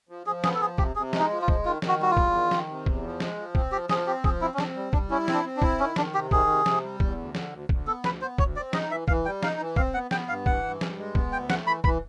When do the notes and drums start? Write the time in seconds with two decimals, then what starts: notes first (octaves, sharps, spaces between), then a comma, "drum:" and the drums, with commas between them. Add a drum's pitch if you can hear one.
0.09 F3
0.26 F3 G#4
0.44 B3 G#4, drum: snare
0.54 A4
0.61 F3 G#4
0.78 C3 G4, drum: kick
0.96 C3 G#4
1.13 G#3, drum: snare
1.19 D#4
1.30 F3
1.42 F4
1.48 G#3, drum: kick
1.65 D#3 F4
1.82 D#3, drum: snare
1.88 F#4
1.99 G3 F#4
2.11 F4
2.17 E2, drum: kick
2.34 D#3
2.51 D#3, drum: snare
2.69 C3
2.86 E2, drum: kick
3.03 F3
3.20 G#3, drum: snare
3.37 F3
3.55 C4, drum: kick
3.72 F3 G4
3.89 F3 G#4, drum: snare
4.07 C4 G4
4.24 F3 G#4, drum: kick
4.41 C4 E4
4.54 C#4
4.58 C4 D4, drum: snare
4.75 G3
4.93 G3 D4, drum: kick
5.10 C#4 E4
5.28 C4, drum: snare
5.34 D4
5.45 C4
5.57 D4
5.62 E4, drum: kick
5.79 D#3 C#4
5.96 D#3 D4, drum: snare
6.14 C3 G4
6.31 D#3 G#4, drum: kick
6.49 C3
6.66 C3, drum: snare
6.83 G3
7.00 E2, drum: kick
7.18 D2
7.35 D3, drum: snare
7.52 D2
7.69 D2, drum: kick
7.87 B3 A4
8.04 D2 B4, drum: snare
8.21 B3 C5
8.38 D2 C#5, drum: kick
8.56 C4 D5
8.73 D#4 D#5, drum: snare
8.91 E3 E5
9.08 E3 F5, drum: kick
9.25 G3 G5
9.43 D#4 F5, drum: snare
9.60 E3
9.76 C4 F5, drum: kick
9.94 B3 F#5
10.11 B3 G5, drum: snare
10.28 G2 F5
10.46 E3 F#5, drum: kick
10.64 G2
10.81 G2, drum: snare
10.98 G#3
11.15 B3, drum: kick
11.32 D2 G5
11.50 A3 F#5, drum: snare
11.66 E3 B5
11.84 E3 B5, drum: kick